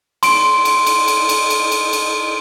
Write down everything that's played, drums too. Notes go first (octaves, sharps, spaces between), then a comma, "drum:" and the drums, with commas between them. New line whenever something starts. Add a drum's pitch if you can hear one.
C6 D7, drum: cymbal
drum: cymbal
drum: cymbal
drum: cymbal
drum: cymbal
drum: cymbal
drum: cymbal
drum: cymbal